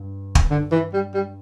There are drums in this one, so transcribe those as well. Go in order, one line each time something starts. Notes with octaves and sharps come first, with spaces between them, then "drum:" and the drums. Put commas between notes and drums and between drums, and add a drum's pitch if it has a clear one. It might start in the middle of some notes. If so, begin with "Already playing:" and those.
Already playing: G2
drum: kick
D3
E3
G3
G3